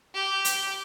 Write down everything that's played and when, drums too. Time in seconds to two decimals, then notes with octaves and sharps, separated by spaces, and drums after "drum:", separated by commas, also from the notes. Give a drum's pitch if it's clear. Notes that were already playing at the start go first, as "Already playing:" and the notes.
0.14 G4
0.45 drum: hi-hat